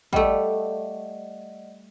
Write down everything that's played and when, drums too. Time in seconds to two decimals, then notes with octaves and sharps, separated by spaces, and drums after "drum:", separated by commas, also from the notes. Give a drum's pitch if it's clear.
0.13 G3 A3 D5 D#5 F#5, drum: kick